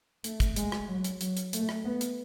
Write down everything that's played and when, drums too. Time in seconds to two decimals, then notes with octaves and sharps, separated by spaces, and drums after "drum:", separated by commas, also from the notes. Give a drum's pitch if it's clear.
0.24 A3, drum: hi-hat
0.40 drum: kick, hi-hat
0.56 G#3, drum: hi-hat
0.72 drum: rim click
0.88 F#3
1.04 drum: hi-hat
1.21 F#3, drum: hi-hat
1.37 drum: hi-hat
1.53 A3, drum: hi-hat
1.69 drum: rim click
1.84 B3
2.01 drum: hi-hat